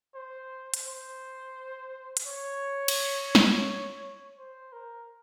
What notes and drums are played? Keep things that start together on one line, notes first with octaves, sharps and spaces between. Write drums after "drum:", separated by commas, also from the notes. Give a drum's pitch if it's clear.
C5
drum: hi-hat
C5
drum: hi-hat
C#5
drum: cymbal
drum: snare
C5
A#4